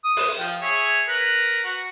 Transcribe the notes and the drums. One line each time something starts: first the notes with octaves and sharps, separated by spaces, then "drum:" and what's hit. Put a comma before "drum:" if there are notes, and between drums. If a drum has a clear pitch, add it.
D#6
drum: open hi-hat
F3 G5
G#4 C#5 E5
A#4 B4
F#4